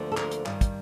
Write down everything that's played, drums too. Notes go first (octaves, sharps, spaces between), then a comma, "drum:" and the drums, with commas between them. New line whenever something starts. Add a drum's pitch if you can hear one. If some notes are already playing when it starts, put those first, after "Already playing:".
Already playing: D2 D3 F3 A#3
A4
A#4, drum: clap
drum: hi-hat
G2 D#3 G3, drum: clap
drum: kick, hi-hat